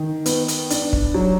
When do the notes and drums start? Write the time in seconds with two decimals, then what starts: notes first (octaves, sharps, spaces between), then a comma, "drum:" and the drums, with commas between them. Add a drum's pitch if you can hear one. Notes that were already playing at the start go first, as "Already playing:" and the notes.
Already playing: D#3
0.26 B3, drum: hi-hat
0.48 drum: hi-hat
0.70 D4, drum: hi-hat
0.93 drum: kick
1.14 F#3